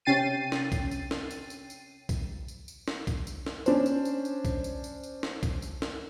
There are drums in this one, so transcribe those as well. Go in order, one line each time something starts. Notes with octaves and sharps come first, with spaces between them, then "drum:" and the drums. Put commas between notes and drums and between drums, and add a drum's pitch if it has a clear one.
C3 C#4 G5 A6 C7 D#7
drum: snare
drum: kick B1, tambourine
drum: tambourine
drum: snare
drum: tambourine
drum: tambourine
drum: tambourine
drum: kick B1, tambourine
drum: tambourine
drum: tambourine
drum: snare
drum: kick B1, tambourine
drum: tambourine
drum: snare
C#4 D4 C5, drum: tambourine
drum: tambourine
drum: tambourine
drum: tambourine
drum: kick B1, tambourine
drum: tambourine
drum: tambourine
drum: tambourine
drum: snare
drum: kick B1, tambourine
drum: tambourine
drum: snare